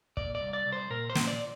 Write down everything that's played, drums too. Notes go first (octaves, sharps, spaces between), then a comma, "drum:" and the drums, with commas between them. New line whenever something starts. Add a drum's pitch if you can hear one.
A#2 D5, drum: kick
D5
C2
D5
C2
C5
A#2 A#4
C5
A#2, drum: snare
D5